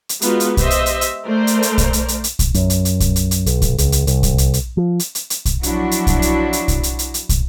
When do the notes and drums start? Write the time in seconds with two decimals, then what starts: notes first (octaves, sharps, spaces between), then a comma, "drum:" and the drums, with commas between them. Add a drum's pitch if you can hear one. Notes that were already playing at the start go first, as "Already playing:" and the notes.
0.09 drum: hi-hat
0.22 G#3 B3 D#4 F4 F#4, drum: hi-hat
0.40 drum: hi-hat
0.57 G4 C5 D#5 E5, drum: kick, hi-hat
0.71 drum: hi-hat
0.86 drum: hi-hat
1.01 drum: hi-hat
1.25 A3 A#4 C5 D5
1.47 drum: hi-hat
1.62 drum: hi-hat
1.78 drum: kick, hi-hat
1.93 drum: hi-hat
2.08 drum: hi-hat
2.24 drum: hi-hat
2.39 drum: kick, hi-hat
2.54 F#2, drum: hi-hat
2.70 drum: hi-hat
2.85 drum: hi-hat
3.00 drum: kick, hi-hat
3.16 drum: hi-hat
3.31 drum: hi-hat
3.46 B1, drum: hi-hat
3.62 drum: kick, hi-hat
3.78 C#2, drum: hi-hat
3.92 drum: hi-hat
4.07 C2, drum: hi-hat
4.23 drum: kick, hi-hat
4.38 drum: hi-hat
4.54 drum: hi-hat
4.77 F3
4.99 drum: hi-hat
5.15 drum: hi-hat
5.30 drum: hi-hat
5.45 drum: kick, hi-hat
5.63 F3 F#3 D4 E4 F#4, drum: hi-hat
5.91 drum: hi-hat
6.07 drum: kick, hi-hat
6.22 drum: hi-hat
6.53 drum: hi-hat
6.68 drum: kick, hi-hat
6.83 drum: hi-hat
6.99 drum: hi-hat
7.14 drum: hi-hat
7.29 drum: kick, hi-hat